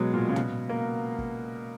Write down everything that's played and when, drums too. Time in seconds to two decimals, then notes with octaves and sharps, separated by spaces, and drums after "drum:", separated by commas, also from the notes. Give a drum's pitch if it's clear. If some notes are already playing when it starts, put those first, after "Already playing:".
Already playing: B2 F#3 G#3
0.14 A#2
0.29 C#3
0.36 B2, drum: tom
0.69 A#3
1.18 drum: kick